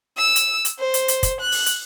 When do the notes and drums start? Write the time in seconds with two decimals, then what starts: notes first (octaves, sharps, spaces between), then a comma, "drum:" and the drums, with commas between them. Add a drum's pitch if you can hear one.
0.18 E6
0.36 drum: hi-hat
0.65 drum: hi-hat
0.79 C5
0.94 drum: hi-hat
1.08 drum: hi-hat
1.23 drum: kick, hi-hat
1.40 F#6
1.52 drum: open hi-hat
1.66 drum: hi-hat